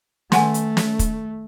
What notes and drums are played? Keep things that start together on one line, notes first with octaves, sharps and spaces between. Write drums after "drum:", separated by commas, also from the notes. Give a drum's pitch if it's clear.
D#3 A3 F#5 G#5, drum: snare
drum: hi-hat
drum: snare
drum: kick, hi-hat